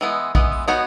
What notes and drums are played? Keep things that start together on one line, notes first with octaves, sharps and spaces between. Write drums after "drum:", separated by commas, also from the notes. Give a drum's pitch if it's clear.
E3 G#3 B3
E3 G#3 B3, drum: kick A#1
B3 D#4 F#4 C#5